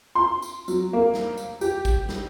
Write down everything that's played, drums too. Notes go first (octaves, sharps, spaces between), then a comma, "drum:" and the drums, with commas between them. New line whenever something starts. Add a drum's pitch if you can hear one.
C6
drum: tambourine
F#3, drum: tambourine
A#3
drum: snare
drum: tambourine
G4, drum: tambourine
drum: kick G#1, tambourine
drum: snare